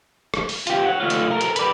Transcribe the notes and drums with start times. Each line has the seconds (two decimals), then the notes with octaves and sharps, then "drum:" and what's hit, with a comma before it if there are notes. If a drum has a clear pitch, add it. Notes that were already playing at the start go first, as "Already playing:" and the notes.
0.34 drum: rim click
0.49 drum: open hi-hat
0.67 F4 G4, drum: hi-hat
0.86 C#5 F#5
1.00 A3 F4
1.10 drum: hi-hat
1.31 A4 A#4
1.41 drum: hi-hat
1.56 B4 D5, drum: hi-hat